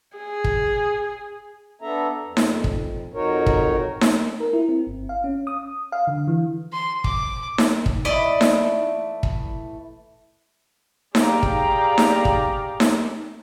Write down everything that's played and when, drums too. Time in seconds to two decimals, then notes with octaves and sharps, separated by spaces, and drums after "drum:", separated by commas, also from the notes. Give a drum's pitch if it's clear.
0.17 G#4
0.44 drum: kick
1.82 B3 D4 A4 E5 A#5
2.24 F2
2.37 drum: snare D#4
2.64 drum: kick
3.14 F2 D#4 F#4 A#4 C#5
3.46 drum: kick
4.01 drum: snare D#4
4.40 A#4
4.53 E4
4.69 C4
4.87 G1
5.09 F5
5.24 C#4
5.47 D#6
5.92 F5
6.07 D3
6.28 E3
6.73 C6
7.04 D6, drum: kick
7.58 drum: snare D#4
7.86 drum: kick
8.05 E3 A3 E4 D5 D#5 B5
8.41 drum: snare D#4
9.23 drum: kick
11.15 G4 G#4 D5 F5 G5 A#5, drum: snare D#4
11.43 drum: kick
11.98 drum: snare D#4
12.25 drum: kick
12.80 drum: snare D#4